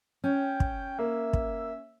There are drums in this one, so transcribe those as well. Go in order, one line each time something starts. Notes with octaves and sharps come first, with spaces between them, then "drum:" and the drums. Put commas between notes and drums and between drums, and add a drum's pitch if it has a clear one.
C#4 G5
drum: kick
A#3 E5
drum: kick